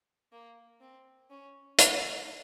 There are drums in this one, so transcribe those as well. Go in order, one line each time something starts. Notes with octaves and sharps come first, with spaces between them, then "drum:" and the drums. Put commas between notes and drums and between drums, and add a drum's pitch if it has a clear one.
A#3
C4
C#4
D#4, drum: hi-hat